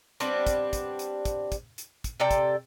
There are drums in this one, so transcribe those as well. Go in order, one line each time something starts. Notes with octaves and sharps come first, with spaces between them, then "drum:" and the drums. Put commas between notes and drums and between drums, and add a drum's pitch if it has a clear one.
G3 B3 C4 D4, drum: hi-hat
drum: kick, hi-hat
drum: kick, hi-hat
drum: hi-hat
drum: kick, hi-hat
drum: kick, hi-hat
drum: hi-hat
drum: kick, hi-hat
C3 A4 D5 G5
drum: kick, hi-hat